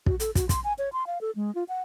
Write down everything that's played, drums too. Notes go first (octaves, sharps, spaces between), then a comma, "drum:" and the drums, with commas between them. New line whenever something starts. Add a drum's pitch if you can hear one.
F#4, drum: kick
A4, drum: hi-hat
F#4, drum: kick, hi-hat
C6, drum: kick, hi-hat
G#5
C#5
C6
F5
A4
G#3
F4
F#5